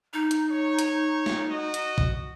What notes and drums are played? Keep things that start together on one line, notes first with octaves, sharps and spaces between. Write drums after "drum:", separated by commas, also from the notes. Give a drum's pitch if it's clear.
D#4
drum: hi-hat
C#5
drum: hi-hat
drum: snare
F#4 D#5
drum: hi-hat
drum: kick